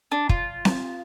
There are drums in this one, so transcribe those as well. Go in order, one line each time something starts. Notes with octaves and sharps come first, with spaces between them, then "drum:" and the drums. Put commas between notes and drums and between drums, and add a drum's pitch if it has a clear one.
D4
F4, drum: kick
drum: snare C4